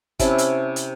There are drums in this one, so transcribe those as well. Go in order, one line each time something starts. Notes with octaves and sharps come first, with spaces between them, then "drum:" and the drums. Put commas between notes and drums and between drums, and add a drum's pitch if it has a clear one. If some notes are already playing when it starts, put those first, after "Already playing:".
C3 C#4 E4 A5, drum: kick, hi-hat
drum: hi-hat
drum: hi-hat